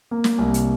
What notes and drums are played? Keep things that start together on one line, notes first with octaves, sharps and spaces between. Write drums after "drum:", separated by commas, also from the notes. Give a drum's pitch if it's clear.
A#3
drum: snare
C2
drum: hi-hat